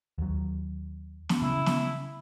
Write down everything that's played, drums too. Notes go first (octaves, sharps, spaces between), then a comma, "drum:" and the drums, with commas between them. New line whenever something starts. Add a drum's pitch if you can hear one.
D#2 F#3
drum: snare
C#3 E4
drum: snare